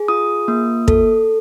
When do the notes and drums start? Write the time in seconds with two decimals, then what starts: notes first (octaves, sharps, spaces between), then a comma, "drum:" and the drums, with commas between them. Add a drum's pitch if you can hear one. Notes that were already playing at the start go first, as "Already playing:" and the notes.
Already playing: G#4
0.08 F4 D#6
0.48 A#3
0.88 A4, drum: kick